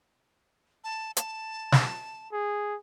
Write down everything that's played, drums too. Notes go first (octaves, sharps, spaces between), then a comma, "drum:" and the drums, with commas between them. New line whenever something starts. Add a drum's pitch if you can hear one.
A5
A5, drum: hi-hat
drum: snare
G#4